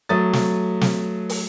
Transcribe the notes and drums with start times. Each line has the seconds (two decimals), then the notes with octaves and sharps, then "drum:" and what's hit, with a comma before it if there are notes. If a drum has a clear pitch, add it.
0.09 F#3 A3 D#6 A6
0.33 drum: snare
0.81 drum: snare
1.29 drum: open hi-hat